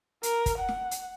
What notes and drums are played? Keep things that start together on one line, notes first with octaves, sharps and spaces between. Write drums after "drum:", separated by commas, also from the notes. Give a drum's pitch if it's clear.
A#4, drum: hi-hat
drum: kick, hi-hat
F#5
drum: snare
drum: hi-hat